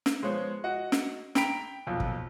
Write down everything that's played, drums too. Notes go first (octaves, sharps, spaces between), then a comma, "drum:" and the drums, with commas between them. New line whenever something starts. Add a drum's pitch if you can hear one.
drum: snare
F3 G#3 B3 C5 C#5
F#4 D#5 F#5
drum: snare
G5 A#5 B5 B6 D7 F7, drum: snare
B1 F2 A#2
drum: kick